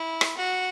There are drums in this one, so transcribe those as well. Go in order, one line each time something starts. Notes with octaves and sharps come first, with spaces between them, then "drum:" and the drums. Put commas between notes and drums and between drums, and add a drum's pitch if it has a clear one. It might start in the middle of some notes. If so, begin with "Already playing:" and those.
Already playing: E4
drum: rim click
F#4